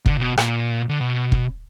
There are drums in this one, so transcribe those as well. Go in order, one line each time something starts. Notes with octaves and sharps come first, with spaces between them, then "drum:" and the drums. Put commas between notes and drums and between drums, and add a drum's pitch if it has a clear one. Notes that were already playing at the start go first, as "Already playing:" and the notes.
D3, drum: kick
A#2
B2
A#2, drum: rim click
D3
B2
drum: kick